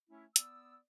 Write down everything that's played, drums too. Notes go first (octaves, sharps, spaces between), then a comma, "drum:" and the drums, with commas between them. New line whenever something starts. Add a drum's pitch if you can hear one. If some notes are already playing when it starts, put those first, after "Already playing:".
A3 C#4 E4
B3 D5 D#6 E6, drum: hi-hat